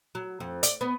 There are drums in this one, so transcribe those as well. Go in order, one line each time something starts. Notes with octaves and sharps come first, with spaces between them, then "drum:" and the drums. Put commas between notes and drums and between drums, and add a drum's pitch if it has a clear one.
F#3
F2
D5, drum: hi-hat
B3